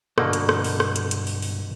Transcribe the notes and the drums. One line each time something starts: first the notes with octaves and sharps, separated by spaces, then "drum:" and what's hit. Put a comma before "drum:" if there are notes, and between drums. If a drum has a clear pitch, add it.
B1 G2 B2 D3 A#3, drum: rim click
drum: hi-hat
drum: rim click
drum: open hi-hat
drum: rim click
drum: hi-hat
drum: hi-hat
drum: open hi-hat
drum: open hi-hat